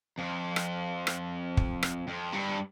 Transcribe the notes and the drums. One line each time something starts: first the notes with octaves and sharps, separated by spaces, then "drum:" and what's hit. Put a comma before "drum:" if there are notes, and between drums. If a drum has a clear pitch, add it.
F2
drum: rim click
drum: rim click
drum: kick
drum: rim click
F2
G2